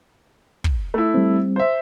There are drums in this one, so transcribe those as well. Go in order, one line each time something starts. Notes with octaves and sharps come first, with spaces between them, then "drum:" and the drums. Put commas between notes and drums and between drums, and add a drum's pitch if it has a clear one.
drum: kick
A3 E4
G3 C4
C5 E5